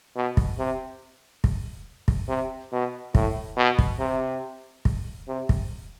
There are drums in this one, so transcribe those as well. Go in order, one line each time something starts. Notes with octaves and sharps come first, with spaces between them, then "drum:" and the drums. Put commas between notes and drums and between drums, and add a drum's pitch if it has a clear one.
B2
drum: kick
C3
drum: kick
drum: kick
C3
B2
A2, drum: kick
B2
drum: kick
C3
drum: kick
C3
drum: kick